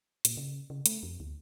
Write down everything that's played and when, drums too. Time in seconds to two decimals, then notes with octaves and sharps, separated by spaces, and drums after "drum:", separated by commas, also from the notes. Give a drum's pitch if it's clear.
0.25 A#2, drum: hi-hat
0.37 C#3
0.70 C#3
0.86 A3, drum: hi-hat
1.03 F2
1.20 D2